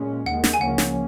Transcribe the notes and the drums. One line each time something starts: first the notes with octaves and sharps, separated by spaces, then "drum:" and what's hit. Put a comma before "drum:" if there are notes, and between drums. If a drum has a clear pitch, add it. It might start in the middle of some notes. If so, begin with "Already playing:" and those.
Already playing: A#2 G#3 C#4
D#2 D#3 G#3 F#5
drum: snare
G#5
C#2 C#3 F3 A#3 C#4 F#5
drum: snare